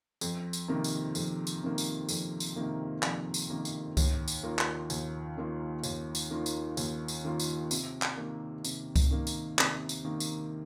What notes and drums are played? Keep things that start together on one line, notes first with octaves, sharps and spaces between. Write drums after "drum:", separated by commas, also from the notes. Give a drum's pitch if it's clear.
F2, drum: tambourine
drum: tambourine
C3 D#3 A#3
drum: tambourine
F2, drum: tambourine
drum: tambourine
C3 D#3 A#3
drum: tambourine
F2, drum: tambourine
drum: tambourine
C3 D#3 A#3
F2, drum: clap
drum: tambourine
C3 D#3 A#3
drum: tambourine
D#2, drum: kick C#2, tambourine
drum: tambourine
D#3 A#3 F4
drum: clap
D#2, drum: tambourine
D#3 A#3 F4
D#2, drum: tambourine
drum: tambourine
D#3 A#3 F4
drum: tambourine
D#2, drum: tambourine
drum: tambourine
D#3 A#3 F4
drum: tambourine
C3, drum: tambourine
drum: clap
D#3 A#3
C3, drum: tambourine
drum: kick C#2, tambourine
D#3 A#3
drum: tambourine
C3, drum: clap
drum: tambourine
D#3 A#3
drum: tambourine